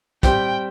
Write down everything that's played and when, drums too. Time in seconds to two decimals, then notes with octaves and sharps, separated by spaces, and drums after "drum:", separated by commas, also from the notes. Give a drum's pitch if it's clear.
0.23 G3 C4 G4 G5, drum: kick, hi-hat